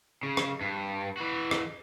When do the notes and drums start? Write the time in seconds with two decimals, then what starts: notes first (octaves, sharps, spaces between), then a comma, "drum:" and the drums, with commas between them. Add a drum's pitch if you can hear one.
0.23 C#3
0.37 drum: rim click
0.61 G2
1.17 E3 F#4
1.51 drum: rim click